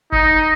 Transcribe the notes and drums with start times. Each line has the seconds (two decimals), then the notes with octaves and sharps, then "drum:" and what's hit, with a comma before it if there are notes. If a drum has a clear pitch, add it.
0.12 D#4, drum: kick F1